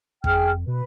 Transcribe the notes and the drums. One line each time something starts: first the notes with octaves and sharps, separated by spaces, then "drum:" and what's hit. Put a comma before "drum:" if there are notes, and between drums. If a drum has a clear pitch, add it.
F2 G#4 G5 F6, drum: kick
B2 B4